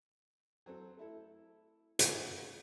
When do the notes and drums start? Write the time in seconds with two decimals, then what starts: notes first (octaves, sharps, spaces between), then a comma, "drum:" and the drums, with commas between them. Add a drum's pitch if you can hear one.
0.66 F#3 C4 A4
0.97 A3 E4 A4
1.99 A4 A#4 D5 F5 F#5 G#5, drum: hi-hat